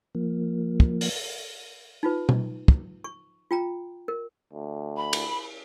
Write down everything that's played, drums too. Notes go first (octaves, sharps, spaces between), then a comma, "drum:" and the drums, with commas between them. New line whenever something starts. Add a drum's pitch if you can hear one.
F3 A#3
drum: kick
drum: open hi-hat
D#4 F4 B4
drum: tom B2
drum: kick
C#6
F4 G5 A#5
A#4
D2
B5
drum: cymbal